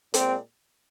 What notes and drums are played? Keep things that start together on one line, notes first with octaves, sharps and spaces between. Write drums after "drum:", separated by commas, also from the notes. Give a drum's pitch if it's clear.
A#2 G#3 C4, drum: hi-hat